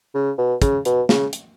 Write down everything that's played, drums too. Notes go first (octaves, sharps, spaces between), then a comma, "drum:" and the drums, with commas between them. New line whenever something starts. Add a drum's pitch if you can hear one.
C#3
B2
C#3, drum: kick, hi-hat
B2, drum: hi-hat
C#3, drum: snare
drum: hi-hat